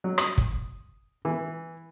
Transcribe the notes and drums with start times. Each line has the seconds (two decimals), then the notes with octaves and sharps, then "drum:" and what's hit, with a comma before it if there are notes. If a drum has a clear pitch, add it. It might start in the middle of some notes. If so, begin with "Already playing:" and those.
0.04 F#3
0.18 D#6, drum: rim click
0.38 drum: kick
1.25 E3